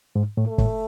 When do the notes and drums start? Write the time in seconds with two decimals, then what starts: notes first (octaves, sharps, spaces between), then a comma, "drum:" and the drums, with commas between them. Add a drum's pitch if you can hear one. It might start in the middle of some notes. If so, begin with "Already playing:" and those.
0.16 G#2
0.37 A2
0.48 A3
0.58 A2, drum: kick F#1